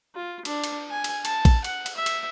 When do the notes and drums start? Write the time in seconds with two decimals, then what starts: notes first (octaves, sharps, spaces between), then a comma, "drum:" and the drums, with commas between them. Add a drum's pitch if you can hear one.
0.15 F4
0.45 D4, drum: cymbal
0.64 drum: cymbal
0.90 G#5
1.04 drum: cymbal
1.25 A5, drum: cymbal
1.45 drum: kick, cymbal
1.64 F#5, drum: cymbal
1.86 drum: cymbal
1.95 E5
2.06 drum: cymbal